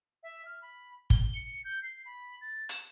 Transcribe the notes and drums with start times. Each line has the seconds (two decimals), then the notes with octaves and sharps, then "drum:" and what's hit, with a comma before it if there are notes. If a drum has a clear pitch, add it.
0.23 E5
0.45 F6
0.62 B5
1.10 G7, drum: kick
1.35 C#7
1.65 G6
1.83 C7
2.06 B5
2.41 A6
2.69 E7, drum: hi-hat